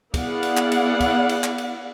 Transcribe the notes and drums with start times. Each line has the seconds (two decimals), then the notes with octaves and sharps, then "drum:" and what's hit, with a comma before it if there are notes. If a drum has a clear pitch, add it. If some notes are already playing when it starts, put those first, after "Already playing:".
0.14 B3 E4 G#4 D5 F5 F#5, drum: kick, cymbal
0.43 drum: cymbal
0.57 drum: clap
0.72 drum: cymbal
1.00 drum: kick, cymbal
1.29 drum: cymbal
1.44 drum: clap
1.58 drum: cymbal